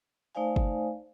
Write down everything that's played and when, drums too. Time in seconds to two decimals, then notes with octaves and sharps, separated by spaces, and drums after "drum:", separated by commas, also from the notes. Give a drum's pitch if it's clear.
0.35 A3 D#4 C5 D5 F5 G#5
0.56 drum: kick